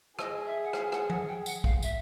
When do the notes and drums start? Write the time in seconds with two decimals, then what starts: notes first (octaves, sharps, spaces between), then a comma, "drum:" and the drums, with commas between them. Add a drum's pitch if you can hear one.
0.19 G#4 D#5, drum: rim click
0.46 E5
0.64 F#5
0.73 F5, drum: rim click
0.92 F#5, drum: rim click
1.10 F#5, drum: tom F3
1.28 G5
1.46 F#5, drum: tambourine
1.64 F5, drum: kick
1.83 E5, drum: tambourine